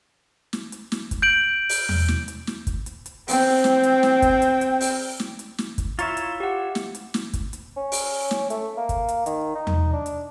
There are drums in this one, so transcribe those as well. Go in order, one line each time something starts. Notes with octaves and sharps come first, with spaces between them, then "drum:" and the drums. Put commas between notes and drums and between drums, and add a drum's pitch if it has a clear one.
drum: snare
drum: hi-hat
drum: snare
drum: kick, hi-hat
G6 D7 F#7
drum: open hi-hat
drum: tom E2
drum: snare
drum: hi-hat
drum: snare
drum: kick, hi-hat
drum: hi-hat
drum: hi-hat
C4 G5, drum: open hi-hat
drum: snare
drum: hi-hat
drum: snare
drum: kick, hi-hat
drum: hi-hat
drum: hi-hat
drum: open hi-hat
drum: snare
drum: hi-hat
drum: snare
drum: kick, hi-hat
E4 F4 C#5 E5 A#5 A6, drum: hi-hat
drum: hi-hat
G4 F#5
drum: snare
drum: hi-hat
drum: snare
drum: kick, hi-hat
drum: hi-hat
C#4
drum: open hi-hat
drum: snare
A3, drum: hi-hat
A#3
drum: kick, hi-hat
drum: hi-hat
D#3, drum: hi-hat
D#4
drum: tom E2
D4
drum: hi-hat